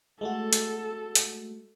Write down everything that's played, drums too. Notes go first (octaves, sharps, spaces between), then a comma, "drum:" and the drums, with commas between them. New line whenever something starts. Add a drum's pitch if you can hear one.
G#3 A3 F#4 A4
drum: hi-hat
drum: hi-hat